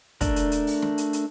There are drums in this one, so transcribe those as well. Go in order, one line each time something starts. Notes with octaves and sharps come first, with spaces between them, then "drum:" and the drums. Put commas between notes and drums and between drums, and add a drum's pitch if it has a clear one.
A3 D4 A#4, drum: kick, hi-hat
drum: hi-hat
drum: hi-hat
drum: open hi-hat
drum: snare
drum: hi-hat
drum: hi-hat